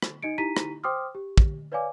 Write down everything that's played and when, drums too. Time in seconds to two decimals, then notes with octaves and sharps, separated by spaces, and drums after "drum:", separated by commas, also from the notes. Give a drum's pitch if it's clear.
0.02 drum: rim click
0.22 D#4 D#5 C#7 D7
0.38 D#4 E4 G4 A#5 B6 D#7
0.57 drum: rim click
0.84 C5 G5 C6 D6 D#6 F6
1.15 G4
1.38 drum: kick
1.72 B4 C#5 D5 F5 G#5 D6